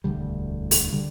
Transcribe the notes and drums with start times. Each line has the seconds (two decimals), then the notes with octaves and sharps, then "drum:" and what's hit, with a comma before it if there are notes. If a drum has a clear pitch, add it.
0.04 E1 D2 D3 G3
0.71 drum: open hi-hat
0.92 D3 G3